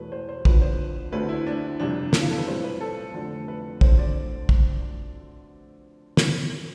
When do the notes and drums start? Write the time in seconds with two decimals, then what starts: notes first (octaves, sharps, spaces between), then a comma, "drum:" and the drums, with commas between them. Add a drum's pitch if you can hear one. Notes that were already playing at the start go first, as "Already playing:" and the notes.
Already playing: E1 E2 B2 A3 B4
0.12 C5
0.29 C5
0.45 F2 D3 F3 B4, drum: kick
0.62 C5
1.12 D2 D3 A3 C4 B4
1.29 E4
1.47 D4
1.80 G1 F2 C3 F3 D4
2.13 E4, drum: snare
2.21 F4
2.30 A4
2.38 B4
2.47 B1 A2 G3 C4 C5
2.64 B4
2.81 A4
3.14 F1 F2 D3
3.48 B4
3.81 D2 D3 A3 C4 C5, drum: kick
3.99 D5
4.49 drum: kick
6.17 drum: snare